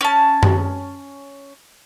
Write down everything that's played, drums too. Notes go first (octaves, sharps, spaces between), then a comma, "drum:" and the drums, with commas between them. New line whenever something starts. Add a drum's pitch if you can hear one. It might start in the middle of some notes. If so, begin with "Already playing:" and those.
C#4 A5
drum: tom F#2